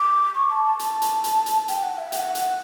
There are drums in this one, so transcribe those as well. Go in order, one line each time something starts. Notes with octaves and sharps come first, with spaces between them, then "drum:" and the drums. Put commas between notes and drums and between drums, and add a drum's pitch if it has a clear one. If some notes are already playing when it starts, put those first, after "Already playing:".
Already playing: D6
C#6
A5
A5
drum: hi-hat
drum: hi-hat
drum: hi-hat
drum: hi-hat
G5, drum: hi-hat
F#5
E5
G5, drum: hi-hat
F#5
drum: hi-hat